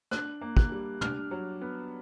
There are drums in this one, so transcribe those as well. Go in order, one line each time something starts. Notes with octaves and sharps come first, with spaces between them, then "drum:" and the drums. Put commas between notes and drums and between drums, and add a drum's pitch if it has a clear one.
D4 F#6, drum: rim click
A#3
F#6, drum: kick
G3
D4 F6, drum: tom
F#3
B3